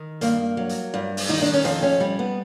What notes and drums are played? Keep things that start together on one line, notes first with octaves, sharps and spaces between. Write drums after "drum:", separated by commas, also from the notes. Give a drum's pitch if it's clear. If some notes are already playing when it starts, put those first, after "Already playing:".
Already playing: D#3
G2 A#3, drum: hi-hat
F#3
drum: hi-hat
G2
drum: open hi-hat
D#3 D#4
D4
C#4
F2 C4, drum: hi-hat
C#4
G3
B3